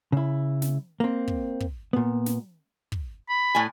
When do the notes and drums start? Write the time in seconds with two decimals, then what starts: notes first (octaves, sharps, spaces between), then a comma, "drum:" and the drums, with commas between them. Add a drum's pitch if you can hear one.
0.12 C#3 E4
0.62 drum: snare
1.00 A#3 C4
1.28 drum: kick
1.60 drum: kick
1.93 A#2 B3
2.26 drum: snare
2.92 drum: kick
3.29 B5
3.55 A2 G#5